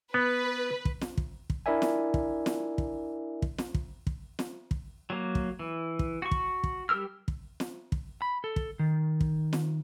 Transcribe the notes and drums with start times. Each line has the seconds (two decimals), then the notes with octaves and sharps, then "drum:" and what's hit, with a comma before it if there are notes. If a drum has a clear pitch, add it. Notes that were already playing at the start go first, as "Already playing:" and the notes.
0.14 B3 B4
0.85 drum: kick
1.01 drum: snare
1.17 drum: kick
1.50 drum: kick
1.66 D4 E4 A#4 D5 E5 G#5
1.82 drum: snare
2.14 drum: kick
2.46 drum: snare
2.78 drum: kick
3.42 drum: kick
3.58 drum: snare
3.74 drum: kick
4.07 drum: kick
4.39 drum: snare
4.71 drum: kick
5.10 F#3 A#3
5.35 drum: kick
5.59 E3
5.99 drum: kick
6.22 F#4 C#6
6.31 drum: kick
6.64 drum: kick
6.89 G3 G4 A#4 E6 F6
7.28 drum: kick
7.60 drum: snare
7.92 drum: kick
8.22 B5
8.44 A4
8.56 drum: kick
8.79 D#3
9.21 drum: kick
9.53 drum: snare